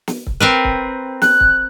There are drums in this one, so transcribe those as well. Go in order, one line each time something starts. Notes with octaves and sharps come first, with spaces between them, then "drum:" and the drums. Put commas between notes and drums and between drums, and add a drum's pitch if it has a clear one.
drum: snare
drum: kick
C4 A#4 B4
drum: kick
F#6, drum: snare
drum: kick